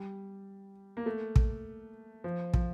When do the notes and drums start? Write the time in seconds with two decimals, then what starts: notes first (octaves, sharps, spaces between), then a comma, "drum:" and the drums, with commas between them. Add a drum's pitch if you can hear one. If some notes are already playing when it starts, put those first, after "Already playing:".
Already playing: G3
0.97 A#3
1.06 A3
1.36 drum: kick
2.24 F3
2.54 F3, drum: kick